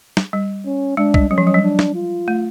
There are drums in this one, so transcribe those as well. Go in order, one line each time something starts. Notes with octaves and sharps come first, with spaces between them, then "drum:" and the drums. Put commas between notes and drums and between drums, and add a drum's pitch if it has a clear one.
drum: snare
G3
C#4
G#3 D4
G3, drum: kick
F#3 C#4
F3
F#3
G3
D4
drum: snare
F4
A3